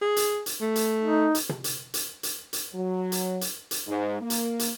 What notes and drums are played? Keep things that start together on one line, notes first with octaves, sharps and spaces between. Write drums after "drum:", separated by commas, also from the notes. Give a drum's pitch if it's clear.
G#4
drum: hi-hat
drum: hi-hat
A3
drum: hi-hat
D#4
drum: hi-hat
drum: tom
drum: hi-hat
drum: hi-hat
drum: hi-hat
drum: hi-hat
F#3
drum: hi-hat
drum: hi-hat
drum: hi-hat
G#2
A#3
drum: hi-hat
drum: hi-hat